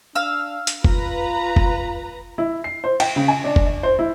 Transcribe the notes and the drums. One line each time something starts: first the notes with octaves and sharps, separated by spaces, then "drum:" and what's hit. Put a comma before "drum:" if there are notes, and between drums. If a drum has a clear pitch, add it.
D4 F5 E6
drum: hi-hat
F4 B4 A#5, drum: kick F#1
drum: kick F#1
E4
C7
C5
G5, drum: cymbal
C#3
G#5
D4
drum: kick F#1
D5
C5
E4